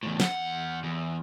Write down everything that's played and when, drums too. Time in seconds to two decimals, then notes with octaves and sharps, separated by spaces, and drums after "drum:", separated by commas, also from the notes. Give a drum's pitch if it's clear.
0.03 E2 A2
0.20 E2 F#5, drum: snare
0.84 E2